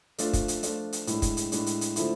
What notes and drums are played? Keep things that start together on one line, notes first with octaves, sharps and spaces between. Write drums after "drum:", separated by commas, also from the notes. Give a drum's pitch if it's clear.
F3 A3 D4 F4, drum: hi-hat
drum: kick, hi-hat
drum: hi-hat
F3 A3 D4 F4, drum: hi-hat
drum: hi-hat
A2 G#3 D4, drum: hi-hat
drum: kick, hi-hat
drum: hi-hat
A2 G#3 D4, drum: hi-hat
drum: hi-hat
drum: hi-hat
D3 F3 A3 E4, drum: hi-hat